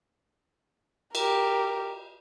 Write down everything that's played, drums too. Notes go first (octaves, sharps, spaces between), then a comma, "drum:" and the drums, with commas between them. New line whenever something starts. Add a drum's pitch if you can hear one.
G4 A#4, drum: cymbal